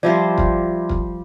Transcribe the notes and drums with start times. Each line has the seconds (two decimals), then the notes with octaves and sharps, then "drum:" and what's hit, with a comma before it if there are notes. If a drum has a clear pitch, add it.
0.03 F3 G3 C5 D5 E5
0.38 drum: kick
0.89 drum: kick